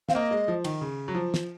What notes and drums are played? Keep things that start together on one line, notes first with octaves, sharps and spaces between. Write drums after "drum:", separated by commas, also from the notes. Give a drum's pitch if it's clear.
C4 F5, drum: snare
A#3 D#5
G#3
F3
D#3, drum: cymbal
C#3
F#3
F3
drum: snare